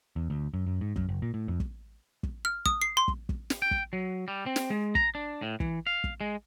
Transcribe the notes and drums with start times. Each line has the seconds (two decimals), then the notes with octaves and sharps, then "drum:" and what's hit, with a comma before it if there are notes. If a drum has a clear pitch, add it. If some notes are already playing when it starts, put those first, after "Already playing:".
0.16 E2
0.30 D2
0.54 F#2
0.67 F#2
0.81 G#2
0.96 F#2, drum: kick
1.09 F#1
1.22 A#2
1.34 A2
1.48 F2
1.60 drum: kick
2.23 drum: kick
2.45 F6
2.66 D#6, drum: kick
2.82 C7
2.97 C6
3.08 drum: kick
3.29 drum: kick
3.50 drum: snare
3.62 G5
3.71 drum: kick
3.93 F#3
4.28 G3
4.46 C4
4.56 drum: snare
4.70 G#3
4.95 A#5, drum: kick
5.15 D4
5.42 A2
5.60 E3, drum: kick
5.87 F5
6.04 drum: kick
6.21 G#3